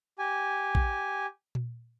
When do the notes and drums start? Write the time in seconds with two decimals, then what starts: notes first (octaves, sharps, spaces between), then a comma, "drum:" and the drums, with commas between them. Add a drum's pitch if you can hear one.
0.19 G4 G#5
0.75 drum: kick
1.55 drum: tom A#2